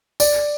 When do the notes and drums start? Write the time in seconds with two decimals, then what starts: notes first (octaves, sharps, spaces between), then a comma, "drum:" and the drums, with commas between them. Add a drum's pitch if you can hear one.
0.20 D5, drum: tambourine